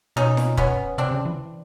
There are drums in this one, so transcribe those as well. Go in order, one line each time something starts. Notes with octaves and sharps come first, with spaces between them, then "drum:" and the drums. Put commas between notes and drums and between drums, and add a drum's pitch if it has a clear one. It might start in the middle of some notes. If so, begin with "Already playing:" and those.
B2 C#4 D#4
drum: snare
B3 C#4, drum: kick
C3 C4 D4
C#3
E3